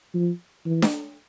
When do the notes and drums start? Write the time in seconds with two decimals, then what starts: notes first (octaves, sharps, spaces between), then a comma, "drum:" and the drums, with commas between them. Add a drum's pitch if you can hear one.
0.14 F3
0.66 E3
0.82 drum: snare D4